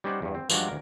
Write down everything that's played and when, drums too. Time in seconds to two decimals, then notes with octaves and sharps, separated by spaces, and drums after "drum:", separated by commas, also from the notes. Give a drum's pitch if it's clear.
0.04 G3 C#4 D#4 C5 D5 F#5
0.22 E2 G2
0.35 C4
0.50 G2 F3 F#3 G#3 D4 F#4, drum: tambourine
0.68 D2 A#4